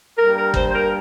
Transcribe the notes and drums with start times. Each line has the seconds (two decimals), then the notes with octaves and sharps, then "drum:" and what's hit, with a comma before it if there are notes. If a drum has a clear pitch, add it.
0.16 G2 G3 A#3 A#4
0.36 A#4
0.54 C5, drum: kick
0.69 C5
0.74 A#4